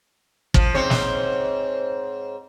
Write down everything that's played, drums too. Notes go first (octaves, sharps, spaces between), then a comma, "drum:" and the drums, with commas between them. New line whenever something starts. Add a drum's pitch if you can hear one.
F3, drum: kick
G#2 C4 C#5
drum: snare